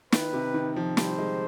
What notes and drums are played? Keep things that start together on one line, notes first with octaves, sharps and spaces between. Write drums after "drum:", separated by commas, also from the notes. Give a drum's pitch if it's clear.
D#3 B4, drum: snare
C3
D#3
F3
G3 C5, drum: snare
G#3